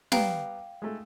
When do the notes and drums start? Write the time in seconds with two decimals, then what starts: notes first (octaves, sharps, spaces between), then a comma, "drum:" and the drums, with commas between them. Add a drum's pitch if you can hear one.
0.12 G3 B3 F5 G5 A#5, drum: snare
0.82 G#3 A3